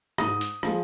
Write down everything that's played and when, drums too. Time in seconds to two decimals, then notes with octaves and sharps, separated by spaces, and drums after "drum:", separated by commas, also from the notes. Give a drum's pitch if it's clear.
0.18 G#2 D#6, drum: rim click
0.41 drum: hi-hat
0.63 F3 G#3, drum: rim click